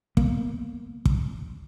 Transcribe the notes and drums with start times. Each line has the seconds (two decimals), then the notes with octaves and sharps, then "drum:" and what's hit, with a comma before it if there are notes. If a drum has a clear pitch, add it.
0.17 A#3 B3, drum: kick
1.05 drum: kick